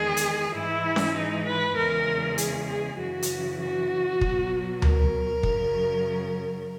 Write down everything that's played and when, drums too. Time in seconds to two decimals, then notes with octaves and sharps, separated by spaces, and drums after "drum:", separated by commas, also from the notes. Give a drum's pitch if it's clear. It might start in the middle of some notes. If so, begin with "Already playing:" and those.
Already playing: E2 D#3 G#3 G#4
0.17 drum: hi-hat
0.53 G#2 E3 G#3 E4
0.96 drum: snare C#4
1.15 D#4
1.46 B4
1.76 E2 C#3 E3 G#3 A#4
2.38 G#4, drum: hi-hat
2.68 G#4
2.98 F#2 C#3 E3 F#4
3.22 drum: hi-hat
3.60 F#4
4.21 B2 F#3, drum: kick
4.82 A#4, drum: tom D2
5.43 F#2 C#3 F#3, drum: kick